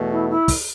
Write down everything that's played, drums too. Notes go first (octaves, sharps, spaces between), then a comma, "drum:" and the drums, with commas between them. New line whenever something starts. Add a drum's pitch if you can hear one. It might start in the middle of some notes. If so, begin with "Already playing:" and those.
Already playing: E2 B2 A3
E4
E4
drum: kick, open hi-hat